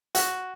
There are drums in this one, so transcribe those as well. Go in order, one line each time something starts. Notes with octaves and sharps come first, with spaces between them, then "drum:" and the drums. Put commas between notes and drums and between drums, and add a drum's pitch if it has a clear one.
F#4, drum: hi-hat